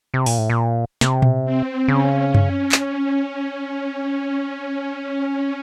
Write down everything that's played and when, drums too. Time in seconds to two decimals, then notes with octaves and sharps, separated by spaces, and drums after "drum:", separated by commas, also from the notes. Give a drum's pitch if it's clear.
0.14 C3
0.26 A#2, drum: open hi-hat
0.38 A2
0.50 A#2
1.01 C3, drum: snare
1.22 drum: tom A#2
1.45 C4
1.88 C#3 C#4
2.34 drum: tom F#2
2.72 drum: clap